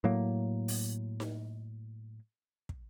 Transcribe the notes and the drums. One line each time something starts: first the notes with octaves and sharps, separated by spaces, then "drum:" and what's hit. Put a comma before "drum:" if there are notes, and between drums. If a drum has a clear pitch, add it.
A2 F#3 A#3
drum: open hi-hat
drum: snare D#4
drum: kick